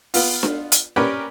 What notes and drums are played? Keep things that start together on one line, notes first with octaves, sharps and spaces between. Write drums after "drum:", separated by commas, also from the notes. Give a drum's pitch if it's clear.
B3 F4, drum: open hi-hat
drum: snare D4
drum: hi-hat
C#4 G4 A#4 B4 D5